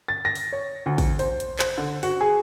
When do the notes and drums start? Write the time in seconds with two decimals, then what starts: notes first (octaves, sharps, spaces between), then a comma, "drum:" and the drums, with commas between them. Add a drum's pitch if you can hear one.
0.08 A6
0.25 A#6
0.35 drum: open hi-hat
0.53 C#5
0.86 D2
0.98 drum: kick A1, open hi-hat
1.19 C5, drum: open hi-hat
1.40 drum: hi-hat
1.59 C5, drum: clap
1.78 D3
2.03 F#4, drum: open hi-hat
2.21 G#4